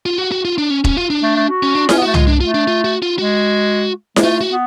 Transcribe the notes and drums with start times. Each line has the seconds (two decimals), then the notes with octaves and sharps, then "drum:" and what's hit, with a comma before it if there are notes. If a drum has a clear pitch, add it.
0.06 F4
0.18 F#4
0.32 F#4
0.45 F4
0.58 D4
0.70 C#4
0.84 C#4, drum: kick E1
0.97 F4
1.10 D4
1.23 A3
1.36 A3
1.49 F#4
1.63 C#4
1.75 D4
1.89 C#4 F4, drum: snare E4
1.97 B3
2.02 A3 F#4
2.14 G#3 F4, drum: tom
2.28 D4
2.40 A3 F4
2.54 D4
2.67 F4
2.84 F#4
3.02 F4
3.19 G#3 F#4
4.16 G#3, drum: snare E4
4.23 A3 F4
4.41 F#4
4.49 B3